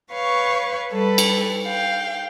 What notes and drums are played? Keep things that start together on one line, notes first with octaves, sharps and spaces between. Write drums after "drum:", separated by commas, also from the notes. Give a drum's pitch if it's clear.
B4 C#5 F5 C#6
G3 A4 B4
drum: cymbal
F5 G5